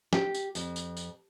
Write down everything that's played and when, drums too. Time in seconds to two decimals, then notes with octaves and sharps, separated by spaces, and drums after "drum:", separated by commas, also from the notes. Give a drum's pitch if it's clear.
0.13 G4, drum: snare
0.34 drum: tambourine
0.55 F2, drum: tambourine
0.76 drum: tambourine
0.97 drum: tambourine